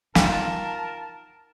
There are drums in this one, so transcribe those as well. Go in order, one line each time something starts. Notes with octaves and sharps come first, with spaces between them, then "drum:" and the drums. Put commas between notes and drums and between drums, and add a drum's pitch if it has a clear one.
D#4 F4 A#4 F#5 G5 A5, drum: snare